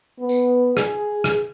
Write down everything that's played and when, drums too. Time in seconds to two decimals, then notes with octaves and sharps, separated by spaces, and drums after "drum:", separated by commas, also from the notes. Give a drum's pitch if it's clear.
0.20 B3
0.29 drum: tambourine
0.77 G#4, drum: rim click
1.24 drum: rim click